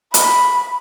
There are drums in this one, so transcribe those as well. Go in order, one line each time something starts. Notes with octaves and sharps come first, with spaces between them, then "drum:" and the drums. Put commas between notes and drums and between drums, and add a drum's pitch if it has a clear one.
B5, drum: hi-hat